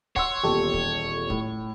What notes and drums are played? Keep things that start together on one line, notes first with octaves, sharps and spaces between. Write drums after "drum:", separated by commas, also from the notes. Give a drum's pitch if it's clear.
C#5 F#5 C6 E6, drum: kick
D#1 E2 A#2 G4 A4
drum: kick
A2, drum: kick